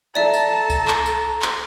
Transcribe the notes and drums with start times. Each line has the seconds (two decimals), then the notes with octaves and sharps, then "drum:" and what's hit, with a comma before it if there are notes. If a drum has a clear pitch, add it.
0.15 A4 D5 E5 A5 A#5
0.33 drum: tambourine
0.70 drum: kick C2, tambourine
0.88 drum: clap
1.06 drum: tambourine
1.42 drum: clap